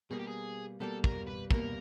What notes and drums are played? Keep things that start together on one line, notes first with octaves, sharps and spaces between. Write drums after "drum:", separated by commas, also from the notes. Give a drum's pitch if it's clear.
B2 G3 A#3 G#4
G4
G#4
B2 G3 A#3 A4
A#4, drum: kick
B4
B2 G3 A#3 A#4, drum: kick